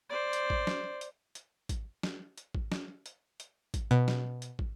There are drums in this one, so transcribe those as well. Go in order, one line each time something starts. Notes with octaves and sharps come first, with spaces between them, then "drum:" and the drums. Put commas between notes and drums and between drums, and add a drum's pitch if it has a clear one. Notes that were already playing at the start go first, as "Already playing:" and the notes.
C5 D5
drum: hi-hat
drum: kick
drum: snare
drum: hi-hat
drum: hi-hat
drum: kick, hi-hat
drum: snare
drum: hi-hat
drum: kick
drum: snare
drum: hi-hat
drum: hi-hat
drum: kick, hi-hat
B2
drum: snare
drum: hi-hat
drum: kick